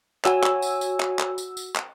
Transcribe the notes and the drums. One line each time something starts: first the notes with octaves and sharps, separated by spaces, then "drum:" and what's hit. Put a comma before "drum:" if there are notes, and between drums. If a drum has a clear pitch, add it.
F#4 C#5 G#5 E6, drum: clap
drum: clap
drum: tambourine
drum: tambourine
drum: clap
drum: clap
drum: tambourine
drum: tambourine
drum: clap